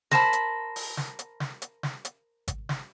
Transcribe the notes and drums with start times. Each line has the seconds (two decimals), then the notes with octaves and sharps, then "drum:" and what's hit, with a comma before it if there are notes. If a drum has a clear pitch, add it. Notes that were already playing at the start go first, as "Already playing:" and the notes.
0.11 A#4 C5 A5 B5, drum: snare
0.33 drum: hi-hat
0.76 drum: open hi-hat
0.97 drum: snare
1.19 drum: hi-hat
1.40 drum: snare
1.62 drum: hi-hat
1.83 drum: snare
2.05 drum: hi-hat
2.48 drum: kick G#1, hi-hat
2.69 drum: snare